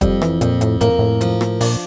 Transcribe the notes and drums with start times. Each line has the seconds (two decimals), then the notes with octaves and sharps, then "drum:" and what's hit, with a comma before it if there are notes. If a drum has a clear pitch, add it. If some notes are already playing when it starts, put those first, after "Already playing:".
0.01 F2 G3, drum: kick, hi-hat
0.22 E3, drum: rim click
0.41 F2 A#2, drum: hi-hat
0.61 A2, drum: hi-hat
0.81 A2 A#3, drum: hi-hat
0.99 A2
1.21 F3, drum: hi-hat
1.41 drum: rim click
1.61 A#2 D4, drum: open hi-hat